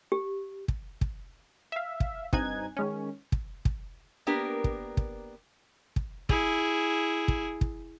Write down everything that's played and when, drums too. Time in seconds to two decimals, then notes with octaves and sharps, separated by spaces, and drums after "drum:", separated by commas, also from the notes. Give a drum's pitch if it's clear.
0.12 G4
0.68 drum: kick
1.01 drum: kick
1.72 E5 F5
2.00 drum: kick
2.33 G2 C4 D#4 G#5 F#6 G#6, drum: kick
2.77 D#3 G#3 C#4
3.32 drum: kick
3.65 drum: kick
4.27 A#3 B3 D4 G4 A#4
4.64 drum: kick
4.97 drum: kick
5.96 drum: kick
6.29 E4 G#4, drum: kick
7.28 drum: kick
7.61 drum: kick